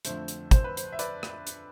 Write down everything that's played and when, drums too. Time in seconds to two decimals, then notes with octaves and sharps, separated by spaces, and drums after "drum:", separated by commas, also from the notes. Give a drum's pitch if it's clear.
0.05 F2 D3 A3 C5, drum: hi-hat
0.28 drum: hi-hat
0.51 C5, drum: kick, hi-hat
0.64 B4
0.77 C5, drum: hi-hat
0.92 E5
0.99 B4 D5, drum: hi-hat
1.23 drum: rim click
1.47 drum: hi-hat